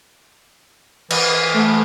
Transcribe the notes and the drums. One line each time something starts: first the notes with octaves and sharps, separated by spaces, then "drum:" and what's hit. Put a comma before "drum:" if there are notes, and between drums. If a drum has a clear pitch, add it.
E3, drum: cymbal
A3